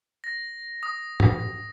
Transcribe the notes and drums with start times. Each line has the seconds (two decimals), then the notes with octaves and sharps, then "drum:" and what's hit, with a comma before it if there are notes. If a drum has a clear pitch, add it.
0.24 A#6
0.83 D#6
1.20 D#6, drum: tom